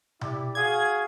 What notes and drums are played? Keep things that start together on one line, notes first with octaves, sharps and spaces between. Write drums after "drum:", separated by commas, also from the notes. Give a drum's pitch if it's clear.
E4 G4 D5, drum: tom B2
F#4 G#4 F5 G#6